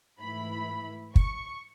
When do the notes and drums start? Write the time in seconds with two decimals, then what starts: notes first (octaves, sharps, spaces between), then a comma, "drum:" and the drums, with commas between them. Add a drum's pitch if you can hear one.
0.19 G#2 E3 A3 E4 B5
1.16 C#6, drum: kick